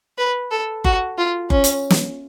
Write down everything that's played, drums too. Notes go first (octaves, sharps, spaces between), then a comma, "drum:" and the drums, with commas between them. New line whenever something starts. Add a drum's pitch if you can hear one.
B4
A4
F#4, drum: kick F#1
F4
C#4, drum: kick F#1
drum: hi-hat
drum: snare